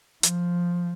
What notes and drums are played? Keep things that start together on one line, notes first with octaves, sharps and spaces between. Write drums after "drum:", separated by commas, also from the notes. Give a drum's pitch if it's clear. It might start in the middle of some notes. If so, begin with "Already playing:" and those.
F3, drum: hi-hat